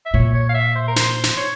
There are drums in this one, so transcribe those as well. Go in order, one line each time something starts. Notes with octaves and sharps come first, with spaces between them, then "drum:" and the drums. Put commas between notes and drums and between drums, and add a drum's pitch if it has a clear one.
E5
A#2 C#5
C#5
F5
E5
C5
A#4
C5, drum: snare
drum: snare
C#5